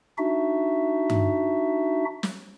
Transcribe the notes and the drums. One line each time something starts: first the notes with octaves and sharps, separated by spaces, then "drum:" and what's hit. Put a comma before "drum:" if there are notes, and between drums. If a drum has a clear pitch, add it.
D4 D#4 F#4 E5
drum: tom G2
drum: snare